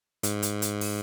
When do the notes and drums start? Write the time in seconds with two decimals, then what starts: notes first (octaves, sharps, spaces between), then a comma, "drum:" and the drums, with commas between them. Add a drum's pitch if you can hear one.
0.23 G#2, drum: hi-hat
0.42 drum: hi-hat
0.62 drum: hi-hat
0.81 drum: open hi-hat